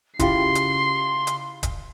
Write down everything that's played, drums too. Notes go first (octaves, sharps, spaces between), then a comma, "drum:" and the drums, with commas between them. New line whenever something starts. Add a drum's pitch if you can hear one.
C#3 E4 F4 G4 C6 C7, drum: kick D#1, hi-hat
drum: hi-hat
drum: hi-hat
drum: kick D#1, hi-hat